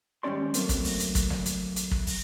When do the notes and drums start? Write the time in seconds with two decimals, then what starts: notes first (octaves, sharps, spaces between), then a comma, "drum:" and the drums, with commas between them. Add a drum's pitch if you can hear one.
0.23 D#2 G#2 G3 C#4 D5 C6
0.54 F#3 A3 A#3 C4, drum: hi-hat
0.69 drum: kick, hi-hat
0.84 drum: open hi-hat
1.00 drum: hi-hat
1.15 drum: kick, hi-hat
1.30 drum: snare
1.46 drum: hi-hat
1.76 drum: hi-hat
1.91 drum: kick
2.07 drum: open hi-hat